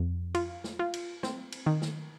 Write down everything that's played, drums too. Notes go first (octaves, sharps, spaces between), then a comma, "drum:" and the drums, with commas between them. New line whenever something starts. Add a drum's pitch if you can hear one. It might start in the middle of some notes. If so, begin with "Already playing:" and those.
Already playing: F2
F4, drum: cymbal
drum: snare
F4
drum: cymbal
C4, drum: snare
drum: cymbal
D#3
drum: snare